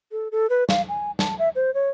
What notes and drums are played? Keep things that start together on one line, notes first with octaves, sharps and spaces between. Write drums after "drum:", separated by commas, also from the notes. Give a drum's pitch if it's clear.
A4
A4
B4
F5, drum: snare
G#5
A5, drum: snare
E5
C5
C#5